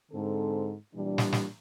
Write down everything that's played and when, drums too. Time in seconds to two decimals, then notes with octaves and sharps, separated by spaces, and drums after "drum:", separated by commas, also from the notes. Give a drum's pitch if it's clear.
0.12 G#2 D3 C4 A4
0.95 A#2 E3 G3 D4
1.18 drum: snare
1.32 drum: snare